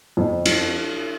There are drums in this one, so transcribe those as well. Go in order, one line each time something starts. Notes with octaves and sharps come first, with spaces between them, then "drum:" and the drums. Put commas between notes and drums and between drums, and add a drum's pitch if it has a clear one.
F2
F3, drum: cymbal